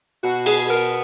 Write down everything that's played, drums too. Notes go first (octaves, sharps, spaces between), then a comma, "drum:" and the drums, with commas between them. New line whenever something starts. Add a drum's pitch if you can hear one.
B2 F#4
G#4, drum: cymbal
B3 A#4